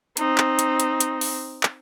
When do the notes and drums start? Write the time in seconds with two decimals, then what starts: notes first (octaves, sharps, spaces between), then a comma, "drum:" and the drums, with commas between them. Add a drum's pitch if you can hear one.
0.17 C4 D#4, drum: hi-hat
0.38 drum: clap
0.59 drum: hi-hat
0.80 drum: hi-hat
1.00 drum: hi-hat
1.21 drum: open hi-hat
1.63 drum: clap